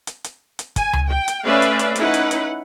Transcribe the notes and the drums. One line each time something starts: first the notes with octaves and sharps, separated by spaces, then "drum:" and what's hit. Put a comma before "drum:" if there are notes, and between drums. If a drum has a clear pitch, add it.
drum: hi-hat
drum: hi-hat
drum: hi-hat
G#5, drum: kick, hi-hat
drum: tom C#2
G5
drum: hi-hat
A3 C#4 B4 D5 E5 F5
drum: hi-hat
drum: hi-hat
C#4 D#4 E4 B4 F#5, drum: hi-hat
drum: hi-hat
drum: hi-hat